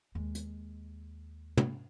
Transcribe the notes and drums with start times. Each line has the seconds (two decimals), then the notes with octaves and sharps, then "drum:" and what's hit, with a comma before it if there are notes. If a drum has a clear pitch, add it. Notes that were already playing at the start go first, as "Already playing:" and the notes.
0.15 D#2 G#3
0.35 drum: hi-hat
1.57 drum: tom